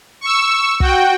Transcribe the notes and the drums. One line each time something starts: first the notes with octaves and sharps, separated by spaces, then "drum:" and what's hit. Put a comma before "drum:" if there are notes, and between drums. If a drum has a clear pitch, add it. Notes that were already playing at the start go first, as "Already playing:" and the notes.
C#6 E6
F#4 G5, drum: kick